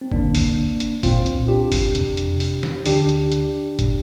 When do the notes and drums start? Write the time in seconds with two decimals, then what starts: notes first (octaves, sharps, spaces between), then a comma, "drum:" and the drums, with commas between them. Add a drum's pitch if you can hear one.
0.01 C4
0.12 D2 D3 A#3 D4, drum: kick F#1
0.35 drum: kick F#1, open hi-hat
0.80 drum: hi-hat
1.03 C2 A#2 C4 F4, drum: kick F#1, open hi-hat
1.26 drum: hi-hat
1.48 D4 G4
1.72 drum: kick F#1, open hi-hat
1.95 F2 C3, drum: hi-hat
2.17 drum: hi-hat
2.40 drum: open hi-hat
2.63 drum: snare
2.86 D2 D3 D4 G4, drum: open hi-hat
3.09 drum: hi-hat
3.32 drum: hi-hat
3.79 A#2, drum: kick F#1, hi-hat